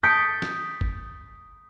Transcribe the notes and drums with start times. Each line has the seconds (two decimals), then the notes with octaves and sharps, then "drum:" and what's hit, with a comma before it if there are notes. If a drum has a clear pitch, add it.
0.03 D#6 G6 A6 B6 C#7 D7
0.42 drum: snare
0.81 drum: kick G1